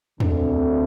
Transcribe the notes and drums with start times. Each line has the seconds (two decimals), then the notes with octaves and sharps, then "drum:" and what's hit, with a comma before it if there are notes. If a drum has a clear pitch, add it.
0.20 D2 D3 A3 C4, drum: tom E2